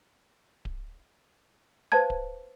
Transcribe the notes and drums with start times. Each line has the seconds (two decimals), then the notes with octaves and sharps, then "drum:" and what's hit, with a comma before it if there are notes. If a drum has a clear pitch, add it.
0.65 drum: kick D1
1.92 B4 C5 F5 A5 G#6
2.10 drum: kick D1